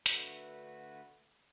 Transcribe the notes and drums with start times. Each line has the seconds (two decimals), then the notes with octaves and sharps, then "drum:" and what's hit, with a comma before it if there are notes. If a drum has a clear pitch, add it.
0.06 D3 A3 F#4 B4, drum: hi-hat